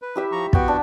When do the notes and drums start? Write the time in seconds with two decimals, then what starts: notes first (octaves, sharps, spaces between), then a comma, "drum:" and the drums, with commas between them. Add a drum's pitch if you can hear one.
0.02 B4
0.16 E4 G4 E5
0.32 F3 A#5 C#6
0.53 B3 F#4 F#5 G5, drum: kick
0.68 D4